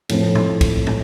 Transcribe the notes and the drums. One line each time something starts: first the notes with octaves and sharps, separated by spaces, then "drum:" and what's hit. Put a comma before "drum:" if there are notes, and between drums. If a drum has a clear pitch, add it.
A2 F3 A3 C4, drum: cymbal
drum: tom
drum: kick B1, cymbal
drum: tom